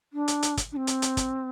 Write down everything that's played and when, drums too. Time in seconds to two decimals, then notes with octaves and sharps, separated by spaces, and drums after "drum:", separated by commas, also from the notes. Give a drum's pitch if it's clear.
0.13 D4
0.28 drum: hi-hat
0.43 drum: hi-hat
0.57 drum: kick, hi-hat
0.72 D4
0.76 C4
0.87 drum: hi-hat
1.02 drum: hi-hat
1.17 drum: kick, hi-hat